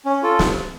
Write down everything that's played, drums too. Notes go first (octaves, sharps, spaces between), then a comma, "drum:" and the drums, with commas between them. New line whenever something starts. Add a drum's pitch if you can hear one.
C#4
F4 A4
drum: snare